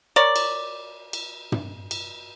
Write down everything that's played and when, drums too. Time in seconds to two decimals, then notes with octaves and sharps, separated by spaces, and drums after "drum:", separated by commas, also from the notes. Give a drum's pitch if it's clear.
0.16 A#4 C#5 D5
0.36 drum: cymbal
1.13 drum: cymbal
1.52 drum: tom
1.91 drum: cymbal